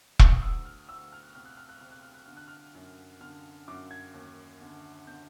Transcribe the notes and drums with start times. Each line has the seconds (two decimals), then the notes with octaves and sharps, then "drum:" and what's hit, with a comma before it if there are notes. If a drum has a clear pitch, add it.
0.19 D6, drum: kick E1
0.31 D#6
0.41 D2 E6
0.65 F6
0.89 D2 E6
1.12 F6
1.23 F#6
1.35 C3 F6
1.46 F#6
1.57 F6
1.69 F#6
1.80 C3 F6
1.91 F#6
2.03 F6
2.14 F#6
2.26 D3 F6
2.37 F#6
2.48 F6
2.75 F#2
3.21 D3 F6
3.68 F#2 D6
3.91 G#6
4.14 D#2
4.61 D3
5.07 D3 G6